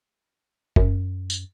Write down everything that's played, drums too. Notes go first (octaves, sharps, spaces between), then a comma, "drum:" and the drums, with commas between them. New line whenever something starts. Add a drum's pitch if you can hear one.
F#2, drum: kick F#1
drum: tambourine